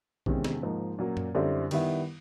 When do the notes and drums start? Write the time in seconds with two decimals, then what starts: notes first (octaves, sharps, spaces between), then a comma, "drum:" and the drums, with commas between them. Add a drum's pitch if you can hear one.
0.26 E2 C3 D#3 G#3 C#4, drum: kick
0.44 drum: snare
0.62 G#2 F3 A#3 D#4
0.99 A#2 F#3 A#3 C#4
1.17 drum: tom F#2
1.35 F#2 D3 G3 C4 E4
1.71 D#3 G3 B3 E4, drum: cymbal